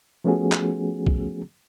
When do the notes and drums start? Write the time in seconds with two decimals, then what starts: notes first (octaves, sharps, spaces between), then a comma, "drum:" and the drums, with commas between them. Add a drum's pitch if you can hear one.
0.24 F3 A3 B3 C#4 F#4 G#4
0.52 drum: clap
1.06 drum: kick B1